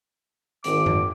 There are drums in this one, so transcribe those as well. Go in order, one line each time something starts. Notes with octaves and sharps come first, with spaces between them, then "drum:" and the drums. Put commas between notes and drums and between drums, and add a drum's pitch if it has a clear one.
G#1 D6, drum: hi-hat
drum: tom F#2